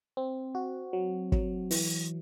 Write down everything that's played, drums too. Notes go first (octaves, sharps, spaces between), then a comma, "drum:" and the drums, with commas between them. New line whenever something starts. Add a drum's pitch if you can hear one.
C4
F#4
F#3
F#3, drum: kick
E3, drum: open hi-hat